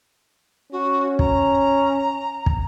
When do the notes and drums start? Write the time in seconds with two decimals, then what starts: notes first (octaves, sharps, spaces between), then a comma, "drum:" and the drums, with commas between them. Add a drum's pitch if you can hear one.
0.72 C#4 F#4
1.19 A#5, drum: kick
2.46 drum: kick